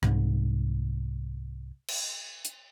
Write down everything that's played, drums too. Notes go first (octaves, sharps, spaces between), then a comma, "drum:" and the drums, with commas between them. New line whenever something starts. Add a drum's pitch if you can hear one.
C2 G#2, drum: rim click
drum: cymbal
drum: hi-hat